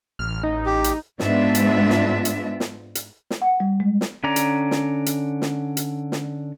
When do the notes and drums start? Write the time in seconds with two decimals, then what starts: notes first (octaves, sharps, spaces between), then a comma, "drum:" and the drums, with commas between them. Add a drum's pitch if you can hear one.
0.19 A1 F6
0.43 D#4
0.66 G4
0.84 drum: hi-hat
1.19 G#2 G#3 B3 D4 F4 E5, drum: snare
1.55 drum: hi-hat
1.90 drum: snare
2.25 drum: hi-hat
2.60 drum: snare
2.95 drum: hi-hat
3.31 drum: snare
3.42 F#5
3.60 G3
3.80 G#3
4.01 drum: snare
4.24 D3 C#4 D5 A#5
4.36 drum: hi-hat
4.71 drum: snare
5.06 drum: hi-hat
5.42 drum: snare
5.77 drum: hi-hat
6.12 drum: snare